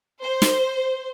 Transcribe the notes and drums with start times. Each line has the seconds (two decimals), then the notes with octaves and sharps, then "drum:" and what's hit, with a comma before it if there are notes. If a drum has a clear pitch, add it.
0.22 C5
0.42 drum: snare